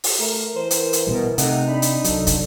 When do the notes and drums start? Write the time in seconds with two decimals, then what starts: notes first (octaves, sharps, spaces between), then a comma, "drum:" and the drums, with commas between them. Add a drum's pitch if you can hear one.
0.04 drum: open hi-hat
0.20 A3 A#4
0.56 E3 C5
0.71 drum: hi-hat
0.93 drum: hi-hat
1.07 B2 D3 G3
1.38 C3 A3 D#4 F#5, drum: hi-hat
1.68 D4 B5
1.82 drum: hi-hat
2.04 C2 F#3 A4, drum: hi-hat
2.27 drum: kick, hi-hat